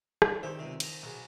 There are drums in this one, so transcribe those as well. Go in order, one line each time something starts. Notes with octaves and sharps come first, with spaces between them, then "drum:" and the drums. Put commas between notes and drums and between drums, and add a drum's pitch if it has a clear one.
E3 D4, drum: rim click
D#3 G4 C5 E5
C#2 C3
A#5 D#6, drum: cymbal
B1 G#4